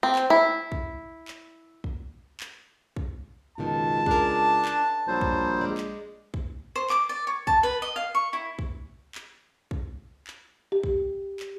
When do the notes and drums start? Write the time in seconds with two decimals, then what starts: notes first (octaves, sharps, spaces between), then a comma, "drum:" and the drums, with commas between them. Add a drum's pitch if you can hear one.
0.03 C4
0.15 drum: clap
0.30 E4
0.72 drum: kick
1.28 drum: clap
1.84 drum: kick
2.40 drum: clap
2.96 drum: kick
3.58 C#2 F#2 B2 D#3 A5
4.06 D4 G#4 A#4, drum: kick
4.65 drum: clap
5.07 A#1 F#3 G3 C5
5.21 drum: kick
5.61 G#3 D5
5.78 drum: clap
6.34 drum: kick
6.76 C5
6.90 D6, drum: clap
7.09 D5
7.27 C#5
7.47 A5, drum: kick
7.63 B4
7.82 D#5
7.96 F5
8.15 C#6
8.33 E4
8.59 drum: kick
9.15 drum: clap
9.71 drum: kick
10.27 drum: clap
10.72 G4
10.83 drum: kick
11.40 drum: clap